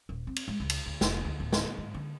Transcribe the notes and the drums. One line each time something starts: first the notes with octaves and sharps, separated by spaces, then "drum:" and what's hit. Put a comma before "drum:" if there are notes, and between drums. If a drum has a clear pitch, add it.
D#1
C4
drum: cymbal
G#3
C#2
drum: cymbal
D2
F1, drum: snare
D2
D1
drum: snare
G#2
D3